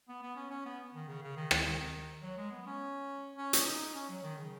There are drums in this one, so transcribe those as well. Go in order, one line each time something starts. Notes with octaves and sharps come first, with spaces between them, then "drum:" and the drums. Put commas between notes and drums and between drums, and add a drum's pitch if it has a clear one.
B3
B3
C#4
C#4
B3
D#3
C#3
C#3
D#3
D#3, drum: rim click
D#3
F#3
G#3
B3
C#4
C#4
drum: hi-hat
D#4
C#4
F#3
D#3
C#3